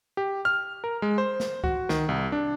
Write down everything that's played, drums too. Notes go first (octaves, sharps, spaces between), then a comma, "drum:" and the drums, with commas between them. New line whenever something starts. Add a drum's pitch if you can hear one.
G4
F6
A#4
G#3
C5
drum: snare
F#4, drum: kick C#2
D#3, drum: snare
C2
D4